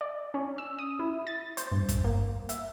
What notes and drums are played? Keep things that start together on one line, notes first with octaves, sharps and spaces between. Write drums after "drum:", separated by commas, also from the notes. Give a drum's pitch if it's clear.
D5
C#4
E6
D#6
E4
A6
C5, drum: hi-hat
G2
drum: kick, hi-hat
A#3
E5, drum: hi-hat